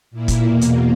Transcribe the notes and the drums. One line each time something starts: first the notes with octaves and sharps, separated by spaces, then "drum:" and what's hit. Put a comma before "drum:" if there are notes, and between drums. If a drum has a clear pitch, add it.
A#2 A#3 E4
drum: kick, hi-hat
E2 B2 A#3
drum: hi-hat